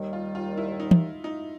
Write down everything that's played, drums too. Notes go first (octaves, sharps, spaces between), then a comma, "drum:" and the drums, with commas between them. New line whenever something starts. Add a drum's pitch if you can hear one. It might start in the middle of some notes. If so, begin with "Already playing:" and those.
Already playing: D#2 D#3 G3
F4
F4
E4
D#4
drum: tom
D#4